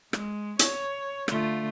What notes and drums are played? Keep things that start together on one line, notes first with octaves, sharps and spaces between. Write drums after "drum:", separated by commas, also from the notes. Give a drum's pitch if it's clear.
G#3, drum: rim click
C#5, drum: hi-hat
D3 A3 F4, drum: rim click